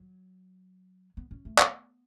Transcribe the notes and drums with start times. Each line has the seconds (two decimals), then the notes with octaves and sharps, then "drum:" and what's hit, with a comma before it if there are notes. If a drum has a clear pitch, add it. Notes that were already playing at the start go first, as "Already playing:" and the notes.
Already playing: F#3
1.17 B3
1.31 C#4
1.45 A3
1.58 B3, drum: clap